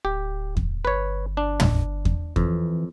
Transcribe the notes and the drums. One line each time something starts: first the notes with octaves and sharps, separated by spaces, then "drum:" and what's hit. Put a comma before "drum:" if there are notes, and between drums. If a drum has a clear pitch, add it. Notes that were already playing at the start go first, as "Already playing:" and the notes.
D1 G4
drum: kick E2
G1 B4 C#5
D4
drum: tom
drum: kick E2
F2 E3, drum: kick E2